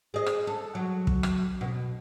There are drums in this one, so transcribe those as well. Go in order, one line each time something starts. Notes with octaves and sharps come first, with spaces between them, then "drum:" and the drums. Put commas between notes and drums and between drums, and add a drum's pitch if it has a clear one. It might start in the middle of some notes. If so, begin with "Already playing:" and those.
G#4 D#5
drum: rim click
A4
F#3
drum: kick
drum: rim click
B2